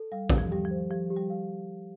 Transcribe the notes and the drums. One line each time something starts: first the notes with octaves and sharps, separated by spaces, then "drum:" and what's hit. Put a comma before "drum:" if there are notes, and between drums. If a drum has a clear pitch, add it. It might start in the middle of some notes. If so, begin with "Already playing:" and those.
Already playing: A4
G3 F5
D#3 G4, drum: kick
F3
G3 G4
F3
C5
F3 G4
G4
G3
F5